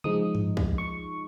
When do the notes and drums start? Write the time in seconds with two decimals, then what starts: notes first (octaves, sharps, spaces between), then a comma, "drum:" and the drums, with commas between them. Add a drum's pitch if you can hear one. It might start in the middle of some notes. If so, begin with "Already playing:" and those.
0.04 F3 G#3 D#4 D#6, drum: tom C3
0.35 drum: tom G2
0.57 drum: kick
0.78 C#6